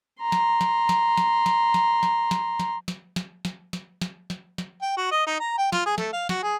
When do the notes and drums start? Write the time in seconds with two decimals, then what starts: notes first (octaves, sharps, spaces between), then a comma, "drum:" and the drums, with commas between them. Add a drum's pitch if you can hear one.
0.22 A#5 C6
0.32 drum: snare
0.61 drum: snare
0.89 drum: snare
1.18 drum: snare
1.46 drum: snare
1.74 drum: snare
2.03 drum: snare
2.31 drum: snare
2.60 drum: snare
2.88 drum: snare
3.16 drum: snare
3.45 drum: snare
3.73 drum: snare
4.02 drum: snare
4.30 drum: snare
4.58 drum: snare
4.82 G5
4.97 F#4
5.11 D#5
5.27 D#4
5.40 A#5
5.58 G5
5.72 F4, drum: snare
5.86 G#4
5.98 A3, drum: snare
6.13 F5
6.29 F#4, drum: snare
6.43 G#4